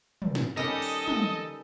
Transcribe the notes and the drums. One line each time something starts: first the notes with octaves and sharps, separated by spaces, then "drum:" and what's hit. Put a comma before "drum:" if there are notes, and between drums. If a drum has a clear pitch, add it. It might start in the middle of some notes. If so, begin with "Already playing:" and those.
drum: tom
drum: snare
D#3 G3 C#4 A4 D#5, drum: tambourine
drum: open hi-hat
drum: tom